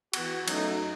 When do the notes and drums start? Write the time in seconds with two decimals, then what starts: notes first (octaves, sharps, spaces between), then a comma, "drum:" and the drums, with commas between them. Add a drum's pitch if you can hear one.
0.13 E3 B3 F#4, drum: cymbal
0.48 F#2 F#3 A3 D#4, drum: cymbal